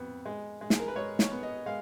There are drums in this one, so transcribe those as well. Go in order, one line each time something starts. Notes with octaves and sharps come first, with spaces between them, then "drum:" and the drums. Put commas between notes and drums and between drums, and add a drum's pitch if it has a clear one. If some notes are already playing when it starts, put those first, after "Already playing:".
Already playing: F2 B3
G#3
G#3
G#4, drum: snare
A#4
B4
G#3 C#5
C#5, drum: snare
B3
D#5
G#3 F5